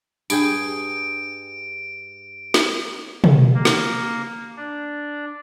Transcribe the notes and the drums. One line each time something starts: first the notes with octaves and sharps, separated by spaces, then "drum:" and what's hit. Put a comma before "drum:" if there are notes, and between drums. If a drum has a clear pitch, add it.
G2 G#4 G5 D7, drum: tambourine
drum: snare
drum: tom
A#3
drum: snare
D4